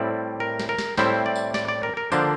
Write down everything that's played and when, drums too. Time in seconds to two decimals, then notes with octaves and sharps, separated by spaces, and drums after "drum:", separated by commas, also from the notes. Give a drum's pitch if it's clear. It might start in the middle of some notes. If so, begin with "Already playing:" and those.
Already playing: A2 G3 C4 E4 D5
0.40 A#4
0.59 drum: snare
0.69 A#4
0.78 drum: snare
0.97 A2 G3 C4 E4 C5, drum: snare
1.26 D5
1.35 drum: tambourine
1.54 D5, drum: snare
1.68 D5
1.83 A#4
1.97 A#4
2.12 D3 F3 A#3 D4 C5, drum: tambourine